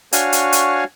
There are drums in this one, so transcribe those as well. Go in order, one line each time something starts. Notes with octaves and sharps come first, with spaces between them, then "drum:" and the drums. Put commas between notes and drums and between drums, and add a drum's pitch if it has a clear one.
D4 F#4 C#5 F5 G#5, drum: hi-hat
drum: hi-hat
drum: hi-hat